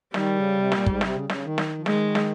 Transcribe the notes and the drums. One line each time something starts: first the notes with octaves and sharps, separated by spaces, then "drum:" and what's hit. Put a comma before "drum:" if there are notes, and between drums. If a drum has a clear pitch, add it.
D#3 G3, drum: snare
C#3
C3
A#2, drum: snare
G#2, drum: kick
C3, drum: snare
C#3
C#3, drum: snare
D#3
drum: snare
F3
D#3 G#3, drum: snare
drum: snare